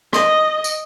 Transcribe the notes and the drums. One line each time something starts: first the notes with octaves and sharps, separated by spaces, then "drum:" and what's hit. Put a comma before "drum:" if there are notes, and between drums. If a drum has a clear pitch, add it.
D#5, drum: rim click
drum: tambourine